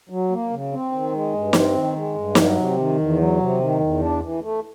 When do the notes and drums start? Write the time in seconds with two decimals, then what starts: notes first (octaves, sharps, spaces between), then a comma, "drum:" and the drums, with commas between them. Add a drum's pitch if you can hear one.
0.09 F#3
0.30 A#3
0.50 C#3
0.72 C4
0.92 D#3
1.12 G#3
1.33 G2
1.53 C4, drum: snare
1.74 D#3
1.95 G#3
2.15 G2
2.35 F#3, drum: snare
2.56 C3
2.77 D#3
2.98 E2
3.18 F#3
3.38 C3
3.60 D#3
3.80 E2
4.01 D4
4.21 E3
4.41 A3